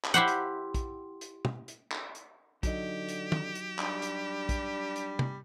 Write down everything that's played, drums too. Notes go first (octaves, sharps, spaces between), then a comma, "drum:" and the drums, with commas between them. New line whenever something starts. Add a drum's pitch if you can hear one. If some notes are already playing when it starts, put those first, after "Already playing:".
drum: clap
E4 G4 C5 F#5
drum: hi-hat
drum: kick A#1, hi-hat
drum: hi-hat
drum: tom
drum: hi-hat
drum: clap
drum: hi-hat
D3 F#3 D#4 G4 D#5, drum: kick A#1, hi-hat
drum: hi-hat
drum: tom
drum: hi-hat
G3 D4, drum: clap
drum: hi-hat
drum: kick A#1, hi-hat
drum: hi-hat
drum: tom